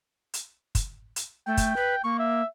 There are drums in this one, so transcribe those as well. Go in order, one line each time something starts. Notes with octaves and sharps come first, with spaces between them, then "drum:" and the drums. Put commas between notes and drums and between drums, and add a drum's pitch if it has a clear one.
drum: hi-hat
drum: kick, hi-hat
drum: hi-hat
A3 G5
drum: kick, hi-hat
B4
A#3 C#6
E5